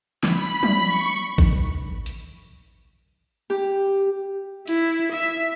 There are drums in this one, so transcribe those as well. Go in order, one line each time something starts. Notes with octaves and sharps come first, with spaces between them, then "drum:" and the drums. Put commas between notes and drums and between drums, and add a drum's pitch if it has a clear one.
B5, drum: snare
drum: tom
C#6
drum: kick A1
drum: hi-hat
G4
E4, drum: hi-hat
E5